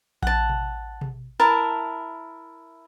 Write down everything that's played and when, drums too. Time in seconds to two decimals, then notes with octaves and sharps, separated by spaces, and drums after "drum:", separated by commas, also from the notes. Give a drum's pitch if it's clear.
0.22 F#5 A5, drum: kick A#1
0.49 drum: tom B2
1.01 drum: tom B2
1.39 E4 A#4 A5